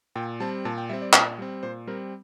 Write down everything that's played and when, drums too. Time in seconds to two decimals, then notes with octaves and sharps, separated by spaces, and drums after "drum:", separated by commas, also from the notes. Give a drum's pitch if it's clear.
0.16 A#2 G5
0.40 G3 C4 A5
0.65 A#2 A5
0.78 G5
0.89 G3 C4 E5
1.02 D5
1.13 A#2 D5, drum: clap
1.38 G3 C4
1.63 A#2 C5
1.87 G3 C4 A#4